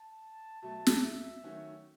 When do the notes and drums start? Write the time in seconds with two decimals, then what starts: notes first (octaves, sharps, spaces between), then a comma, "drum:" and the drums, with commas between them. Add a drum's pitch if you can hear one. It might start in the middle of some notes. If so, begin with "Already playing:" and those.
Already playing: A5
0.62 B2 F#3 A3 A5
0.87 drum: snare
1.03 E5
1.44 D#3 F#3 A3 C#4 F#4